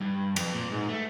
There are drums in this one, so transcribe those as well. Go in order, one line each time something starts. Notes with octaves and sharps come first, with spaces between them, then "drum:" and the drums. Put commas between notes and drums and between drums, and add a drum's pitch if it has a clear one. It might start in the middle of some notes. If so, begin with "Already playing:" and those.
G2
F2, drum: cymbal
A#2
G#2
A3